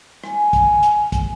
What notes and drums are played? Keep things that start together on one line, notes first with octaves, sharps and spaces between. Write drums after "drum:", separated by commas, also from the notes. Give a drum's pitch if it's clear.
G#5, drum: rim click
drum: kick, hi-hat
drum: hi-hat
drum: kick, hi-hat